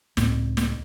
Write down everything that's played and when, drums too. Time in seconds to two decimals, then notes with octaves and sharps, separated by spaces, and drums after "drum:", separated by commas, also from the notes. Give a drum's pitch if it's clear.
0.17 C#2 A2 C4, drum: snare
0.57 drum: snare